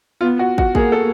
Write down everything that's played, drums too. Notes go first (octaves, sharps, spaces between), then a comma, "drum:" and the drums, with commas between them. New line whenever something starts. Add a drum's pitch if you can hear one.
B3 F4
F#4
F#4, drum: kick
A#3 G#4, drum: kick
A4